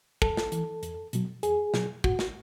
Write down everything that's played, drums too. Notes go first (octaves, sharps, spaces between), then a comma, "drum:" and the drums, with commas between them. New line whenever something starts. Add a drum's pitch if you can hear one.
F#2 A4, drum: kick
drum: snare
E3, drum: hi-hat
E2, drum: hi-hat
B2 F#3, drum: hi-hat
E2 G#4, drum: hi-hat
B2 F#3, drum: snare
A2 F#4, drum: kick
drum: snare